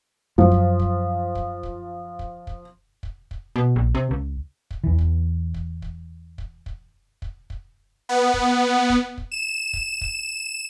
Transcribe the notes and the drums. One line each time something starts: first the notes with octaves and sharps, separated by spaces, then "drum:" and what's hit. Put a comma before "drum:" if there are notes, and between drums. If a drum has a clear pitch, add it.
F#2 F3
drum: kick
drum: kick
drum: kick
drum: kick
drum: kick
drum: kick
drum: kick
drum: kick
B2
A#1
C3
C#2
drum: kick
E2 E3
drum: kick
drum: kick
drum: kick
drum: kick
drum: kick
drum: kick
drum: kick
B3
drum: kick
drum: kick
drum: kick
E7
drum: kick
drum: kick